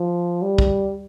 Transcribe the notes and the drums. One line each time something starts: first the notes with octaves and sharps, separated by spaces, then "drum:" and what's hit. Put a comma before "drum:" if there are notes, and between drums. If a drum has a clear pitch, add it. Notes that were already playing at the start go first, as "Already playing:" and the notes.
Already playing: F3
G3
drum: kick